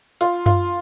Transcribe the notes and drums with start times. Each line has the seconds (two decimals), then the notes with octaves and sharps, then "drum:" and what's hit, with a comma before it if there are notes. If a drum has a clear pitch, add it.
0.21 F4, drum: hi-hat
0.46 F4, drum: tom F#2